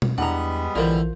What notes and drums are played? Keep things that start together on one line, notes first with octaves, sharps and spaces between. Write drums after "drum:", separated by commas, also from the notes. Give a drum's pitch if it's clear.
drum: tom B2
E2 G3 G#3 B3 D4 E4 F#5 A#5
A#1 D3 E3 F4 A#4 C5